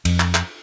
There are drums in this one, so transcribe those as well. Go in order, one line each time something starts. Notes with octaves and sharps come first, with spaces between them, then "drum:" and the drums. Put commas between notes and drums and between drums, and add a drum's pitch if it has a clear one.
F2, drum: cymbal
drum: clap
drum: clap